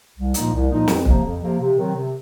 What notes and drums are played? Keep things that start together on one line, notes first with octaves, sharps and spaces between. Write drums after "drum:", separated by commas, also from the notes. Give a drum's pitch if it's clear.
C2
A#2 F3 A#3 D#4, drum: hi-hat
C2
A#2 F3 A#3 D#4
F2, drum: snare
C3 F3 A#3, drum: kick
F2
C3 F3 A#3
C3
D#3 F#3 C4
C3